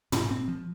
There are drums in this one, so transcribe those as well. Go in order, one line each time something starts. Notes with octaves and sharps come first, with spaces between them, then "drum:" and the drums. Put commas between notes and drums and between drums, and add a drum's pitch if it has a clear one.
G#2, drum: tom
C4
F3